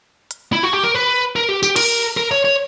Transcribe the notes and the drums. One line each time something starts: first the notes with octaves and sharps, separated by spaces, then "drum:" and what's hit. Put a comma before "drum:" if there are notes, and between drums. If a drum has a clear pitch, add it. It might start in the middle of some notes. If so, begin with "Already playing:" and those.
drum: hi-hat
E4
F#4
G4
A#4
B4
A#4
G4
G4, drum: tambourine
A#4, drum: cymbal
A#4
C#5
C#5